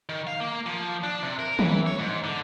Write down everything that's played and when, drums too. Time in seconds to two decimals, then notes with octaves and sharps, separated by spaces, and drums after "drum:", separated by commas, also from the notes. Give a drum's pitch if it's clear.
0.09 D#3
0.27 F5
0.40 A#3
0.66 F3
1.03 D4
1.23 C3
1.39 A#4
1.59 E3, drum: tom
1.87 C#5
1.99 G#2
2.24 D3